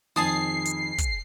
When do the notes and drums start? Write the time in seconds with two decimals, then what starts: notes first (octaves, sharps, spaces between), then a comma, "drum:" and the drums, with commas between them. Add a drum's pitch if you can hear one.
0.16 F2 D#3 G#4 A5 D#6 C7
0.65 drum: hi-hat
0.98 drum: kick, hi-hat